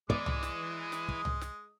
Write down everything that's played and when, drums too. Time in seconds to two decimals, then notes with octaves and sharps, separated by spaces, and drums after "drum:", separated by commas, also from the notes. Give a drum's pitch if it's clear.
0.10 E3 G#3 D5 D#6, drum: kick
0.26 drum: tom C2
0.43 drum: snare
0.92 drum: snare
1.09 drum: kick
1.25 drum: tom C2
1.41 drum: snare